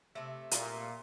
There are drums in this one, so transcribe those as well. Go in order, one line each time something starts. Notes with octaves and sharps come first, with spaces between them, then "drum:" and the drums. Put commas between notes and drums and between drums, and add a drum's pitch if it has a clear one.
C3 A3
A#2, drum: hi-hat